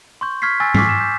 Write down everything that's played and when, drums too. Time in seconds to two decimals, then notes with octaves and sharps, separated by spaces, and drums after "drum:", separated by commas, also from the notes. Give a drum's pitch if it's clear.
0.21 C6 C#6 G6
0.42 C#6 F6 G#6 B6 C7
0.60 G#5 C#6 E6 A6
0.74 C#6 D6 F6 B6 C7, drum: tom G#2
0.89 E7
1.01 G6